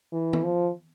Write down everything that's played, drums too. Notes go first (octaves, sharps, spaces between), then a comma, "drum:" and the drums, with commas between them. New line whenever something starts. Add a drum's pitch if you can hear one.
E3
drum: tom D#3
F3